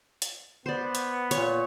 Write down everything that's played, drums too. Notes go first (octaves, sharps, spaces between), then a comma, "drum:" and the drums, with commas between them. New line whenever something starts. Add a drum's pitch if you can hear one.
drum: hi-hat
B3 C5 D5
drum: hi-hat
A#2 C#5, drum: hi-hat